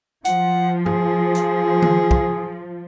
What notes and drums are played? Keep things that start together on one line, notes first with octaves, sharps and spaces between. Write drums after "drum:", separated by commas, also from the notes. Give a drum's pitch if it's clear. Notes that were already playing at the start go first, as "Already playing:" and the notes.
F3 F#5, drum: hi-hat
G#4, drum: tom G2
drum: hi-hat
drum: tom D#3
drum: kick